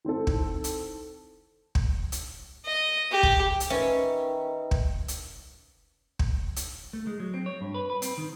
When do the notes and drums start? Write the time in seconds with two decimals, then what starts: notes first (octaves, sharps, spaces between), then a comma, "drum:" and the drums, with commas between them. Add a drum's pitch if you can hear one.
0.05 D#3 C4 E4 A4
0.27 drum: kick
0.64 drum: hi-hat
1.75 drum: kick
2.12 drum: hi-hat
2.65 D#5
3.11 G4
3.23 drum: kick
3.60 drum: hi-hat
3.70 D#3 C#4 B4 E5
4.71 drum: kick
5.08 drum: hi-hat
6.19 drum: kick
6.56 drum: hi-hat
6.93 A3
7.07 G#3
7.20 F#3
7.34 C4
7.46 C#5
7.61 G2
7.74 B4
7.90 B4
8.02 C4, drum: hi-hat
8.17 D#3